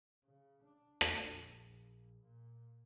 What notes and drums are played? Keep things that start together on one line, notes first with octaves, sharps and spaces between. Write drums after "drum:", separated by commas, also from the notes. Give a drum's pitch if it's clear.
C#3
D4
drum: rim click
A#1
A#2